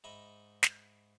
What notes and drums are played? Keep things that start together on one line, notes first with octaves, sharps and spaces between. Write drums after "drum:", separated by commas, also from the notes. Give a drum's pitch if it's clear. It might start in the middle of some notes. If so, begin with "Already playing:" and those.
G#2 D#5 E5 B5
drum: snare